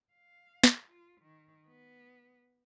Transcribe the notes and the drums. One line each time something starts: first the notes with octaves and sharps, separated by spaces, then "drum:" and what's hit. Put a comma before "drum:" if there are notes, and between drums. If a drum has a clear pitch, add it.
F5
drum: snare
F4
D#3
B3